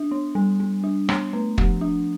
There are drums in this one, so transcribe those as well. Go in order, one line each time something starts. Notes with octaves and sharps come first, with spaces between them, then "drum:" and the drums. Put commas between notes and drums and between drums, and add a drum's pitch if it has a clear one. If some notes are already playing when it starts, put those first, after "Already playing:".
Already playing: D4
B3
G3
G3
D4
B3, drum: rim click
A3
F3, drum: kick
D4